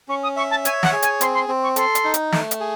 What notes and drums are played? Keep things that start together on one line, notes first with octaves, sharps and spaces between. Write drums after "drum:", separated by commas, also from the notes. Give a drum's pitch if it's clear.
C#4 C#6
D#6
E5 C#6
A5
C#5 G#5, drum: hi-hat
F#5, drum: snare
G#4
G#5, drum: hi-hat
C4 C6, drum: hi-hat
C6
C4
C#6
A4 C6, drum: hi-hat
drum: hi-hat
D#4
drum: hi-hat
A3, drum: snare
drum: hi-hat
G#4